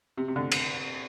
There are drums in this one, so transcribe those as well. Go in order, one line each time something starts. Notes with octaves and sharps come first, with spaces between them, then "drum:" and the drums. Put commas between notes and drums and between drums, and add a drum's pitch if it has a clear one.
C3
C3
D3
drum: cymbal